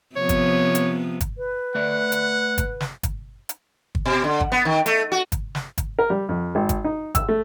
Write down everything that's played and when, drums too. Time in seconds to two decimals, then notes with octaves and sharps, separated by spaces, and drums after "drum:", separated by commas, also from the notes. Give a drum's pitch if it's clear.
0.16 C3 F3 B3 C#5
0.29 drum: kick, hi-hat
0.75 drum: hi-hat
1.21 drum: kick, hi-hat
1.38 B4
1.75 A3 D5 E5 F#5
2.12 drum: hi-hat
2.58 drum: kick, hi-hat
2.80 drum: snare
3.03 drum: kick, hi-hat
3.49 drum: hi-hat
3.95 drum: kick
4.06 B2
4.24 D3
4.40 drum: kick
4.52 B3
4.65 D#3
4.86 A3, drum: hi-hat
5.12 F#4
5.32 drum: kick, hi-hat
5.55 drum: snare
5.78 drum: kick, hi-hat
5.99 A#4
6.10 G3
6.29 F2
6.55 G#1
6.69 drum: kick, hi-hat
6.84 D#4
7.15 E6, drum: kick, hi-hat
7.29 A3